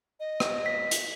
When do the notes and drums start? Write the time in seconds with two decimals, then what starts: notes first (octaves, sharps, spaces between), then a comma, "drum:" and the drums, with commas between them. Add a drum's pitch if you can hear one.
0.20 D#5
0.40 drum: rim click
0.66 B6
0.91 drum: hi-hat